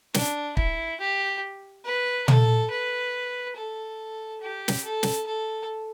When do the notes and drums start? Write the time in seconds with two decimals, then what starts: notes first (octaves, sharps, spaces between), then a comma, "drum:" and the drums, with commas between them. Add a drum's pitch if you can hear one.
0.14 D4, drum: snare
0.57 E4, drum: kick
1.00 G4
1.85 B4
2.28 A4, drum: tom
2.70 B4
3.57 A4
4.41 G4
4.68 drum: snare
4.84 A4
5.03 drum: snare
5.26 A4